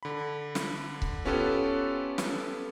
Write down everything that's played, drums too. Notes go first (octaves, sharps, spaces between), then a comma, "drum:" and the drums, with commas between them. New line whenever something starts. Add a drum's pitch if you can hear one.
D3 B5
drum: snare
drum: kick C#1
B3 C#4 F4 G4 A4 B4
drum: snare